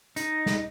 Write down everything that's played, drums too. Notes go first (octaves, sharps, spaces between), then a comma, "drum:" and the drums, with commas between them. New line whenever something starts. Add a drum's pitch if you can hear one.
D#4, drum: hi-hat
drum: snare